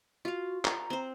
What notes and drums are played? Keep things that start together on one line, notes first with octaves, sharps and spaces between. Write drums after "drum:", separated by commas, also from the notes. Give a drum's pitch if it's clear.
F4 F#4 F5
A#5, drum: clap
C4 C5